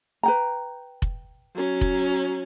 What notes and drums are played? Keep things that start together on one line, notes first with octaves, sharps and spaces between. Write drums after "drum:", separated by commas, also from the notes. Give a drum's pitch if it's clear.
B4 G5 A#5
drum: kick F1
F#3 C#4
drum: kick F1